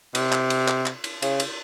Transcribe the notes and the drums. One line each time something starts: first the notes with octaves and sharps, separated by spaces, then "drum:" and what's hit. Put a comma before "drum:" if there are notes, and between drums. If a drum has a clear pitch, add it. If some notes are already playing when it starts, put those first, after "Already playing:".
C3, drum: cymbal
drum: clap
drum: cymbal
drum: clap
drum: clap
drum: cymbal
C#3, drum: cymbal
drum: cymbal